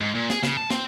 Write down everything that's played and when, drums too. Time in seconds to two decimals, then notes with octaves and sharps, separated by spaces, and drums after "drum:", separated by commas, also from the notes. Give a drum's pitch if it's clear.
0.01 G#2
0.15 A#2
0.30 G#4, drum: snare
0.43 C#3, drum: snare
0.57 A5
0.70 C4, drum: snare